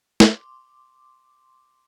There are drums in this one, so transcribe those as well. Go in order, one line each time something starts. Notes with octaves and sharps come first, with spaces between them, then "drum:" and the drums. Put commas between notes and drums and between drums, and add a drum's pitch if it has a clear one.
C6 D6, drum: snare